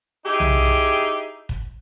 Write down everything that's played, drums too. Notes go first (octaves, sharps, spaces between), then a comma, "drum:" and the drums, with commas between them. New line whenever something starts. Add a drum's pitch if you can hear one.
D#4 E4 G4 G#4
drum: tom
drum: kick